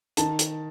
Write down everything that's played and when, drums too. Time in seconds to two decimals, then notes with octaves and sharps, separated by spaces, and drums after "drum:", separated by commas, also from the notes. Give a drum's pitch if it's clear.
0.17 D#3 A5, drum: hi-hat
0.39 drum: hi-hat